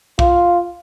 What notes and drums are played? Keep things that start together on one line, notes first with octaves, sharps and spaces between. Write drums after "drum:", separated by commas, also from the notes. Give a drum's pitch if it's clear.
F4, drum: kick